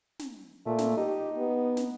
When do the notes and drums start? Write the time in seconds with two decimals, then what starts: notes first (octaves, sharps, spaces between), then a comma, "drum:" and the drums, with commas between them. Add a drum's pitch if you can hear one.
0.19 drum: snare
0.66 A#2 A3
0.78 drum: snare
0.97 D#4 G4
1.37 B3
1.77 drum: snare